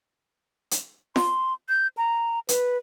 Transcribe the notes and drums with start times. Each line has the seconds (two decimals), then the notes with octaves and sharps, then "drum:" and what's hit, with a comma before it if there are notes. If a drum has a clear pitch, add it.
0.71 drum: hi-hat
1.16 C6, drum: snare F4
1.69 G6
1.97 A#5
2.49 B4, drum: hi-hat